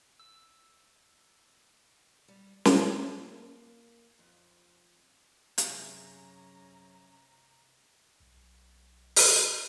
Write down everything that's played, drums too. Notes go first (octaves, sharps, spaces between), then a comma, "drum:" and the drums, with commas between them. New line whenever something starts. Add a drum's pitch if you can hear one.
E6
G3
F#3, drum: snare
A#3
F2
F#2 C3 C#4 G#4 E5 A#5 C6, drum: hi-hat
B1
drum: open hi-hat